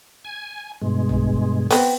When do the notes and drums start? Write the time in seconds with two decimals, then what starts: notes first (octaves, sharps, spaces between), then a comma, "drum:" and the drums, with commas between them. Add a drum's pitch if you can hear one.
0.25 G#5
0.82 G2 B2 G#3
1.09 drum: tom
1.71 B3 C4, drum: open hi-hat